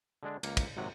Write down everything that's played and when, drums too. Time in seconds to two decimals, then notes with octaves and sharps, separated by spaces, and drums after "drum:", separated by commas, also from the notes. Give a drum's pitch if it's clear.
0.23 D3 G#3 D4
0.43 C#2 A#3, drum: cymbal
0.57 drum: kick, cymbal
0.77 G#1 C3 F#3 F#5